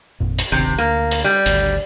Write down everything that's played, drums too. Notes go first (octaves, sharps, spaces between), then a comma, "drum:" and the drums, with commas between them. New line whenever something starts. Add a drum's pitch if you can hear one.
G#1 F2 A#2
drum: hi-hat
D1 G1 C3 D#3
D2 A#3
drum: hi-hat
G3
G#1 D2, drum: hi-hat